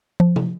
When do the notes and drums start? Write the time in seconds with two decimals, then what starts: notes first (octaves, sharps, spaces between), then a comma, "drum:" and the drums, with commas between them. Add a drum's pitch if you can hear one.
0.20 F3
0.36 drum: tom C3